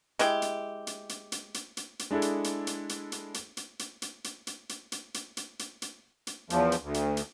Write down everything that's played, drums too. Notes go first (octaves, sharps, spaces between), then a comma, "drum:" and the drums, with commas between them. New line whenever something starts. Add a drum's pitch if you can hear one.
G#3 E4 G4, drum: hi-hat
drum: hi-hat
drum: hi-hat
drum: hi-hat
drum: hi-hat
drum: hi-hat
drum: hi-hat
drum: hi-hat
G#3 D4 E4 G#4 A4
drum: hi-hat
drum: hi-hat
drum: hi-hat
drum: hi-hat
drum: hi-hat
drum: hi-hat
drum: hi-hat
drum: hi-hat
drum: hi-hat
drum: hi-hat
drum: hi-hat
drum: hi-hat
drum: hi-hat
drum: hi-hat
drum: hi-hat
drum: hi-hat
drum: hi-hat
drum: hi-hat
E2 F3, drum: hi-hat
drum: hi-hat
D2
drum: hi-hat
drum: hi-hat